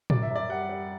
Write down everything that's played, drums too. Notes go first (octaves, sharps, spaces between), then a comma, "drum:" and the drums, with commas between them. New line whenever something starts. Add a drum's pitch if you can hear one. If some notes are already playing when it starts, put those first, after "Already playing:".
F#2 D5, drum: tom
E5
F#2
D5
G3 F#5
G3